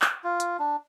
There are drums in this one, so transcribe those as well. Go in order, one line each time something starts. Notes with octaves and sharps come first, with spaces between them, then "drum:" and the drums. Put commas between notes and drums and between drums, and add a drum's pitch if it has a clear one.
drum: clap
F4
drum: hi-hat
D4